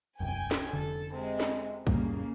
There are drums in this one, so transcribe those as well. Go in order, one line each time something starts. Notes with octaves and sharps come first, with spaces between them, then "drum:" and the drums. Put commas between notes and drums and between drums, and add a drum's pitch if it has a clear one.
E1 C2 F#2 G5 G#5
drum: snare
F1 D3 A4
C3 G#3
drum: snare
F2 A2 C#3 G3 A#3, drum: kick